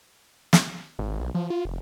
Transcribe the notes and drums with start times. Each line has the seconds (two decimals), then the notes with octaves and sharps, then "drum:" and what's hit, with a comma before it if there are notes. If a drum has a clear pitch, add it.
0.53 drum: snare
0.99 G#1
1.20 B1
1.35 F3
1.50 F4
1.65 F1